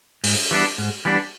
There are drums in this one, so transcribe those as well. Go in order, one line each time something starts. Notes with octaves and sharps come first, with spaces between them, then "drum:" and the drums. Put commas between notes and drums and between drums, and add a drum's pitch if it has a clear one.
G#2, drum: open hi-hat
E3 G3 B3 D4
G#2
E3 G3 B3 D4